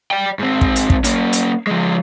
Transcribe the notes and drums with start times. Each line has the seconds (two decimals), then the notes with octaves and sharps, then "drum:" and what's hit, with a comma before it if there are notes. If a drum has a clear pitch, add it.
0.11 D5 G5
0.39 G#2 C4
0.61 drum: kick
0.76 drum: hi-hat
0.90 drum: kick
1.04 A#3 C#4, drum: hi-hat
1.33 drum: hi-hat
1.67 F3 G#3